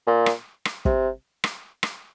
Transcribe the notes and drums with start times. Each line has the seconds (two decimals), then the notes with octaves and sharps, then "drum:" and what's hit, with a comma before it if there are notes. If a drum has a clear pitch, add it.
0.07 A#2
0.26 drum: rim click
0.65 drum: rim click
0.85 C3, drum: kick
1.44 drum: rim click
1.83 drum: rim click